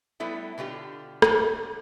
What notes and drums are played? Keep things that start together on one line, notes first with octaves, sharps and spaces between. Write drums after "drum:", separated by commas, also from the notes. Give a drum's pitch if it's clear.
F#3 G3 A3 B3 E4
B2 D3 F4 G4
drum: rim click